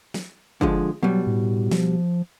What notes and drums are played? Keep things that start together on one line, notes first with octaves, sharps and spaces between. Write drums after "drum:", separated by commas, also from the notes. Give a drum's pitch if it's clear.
drum: snare
D3 F3 G#3, drum: kick
B2 F#3 G3
A2
F3, drum: snare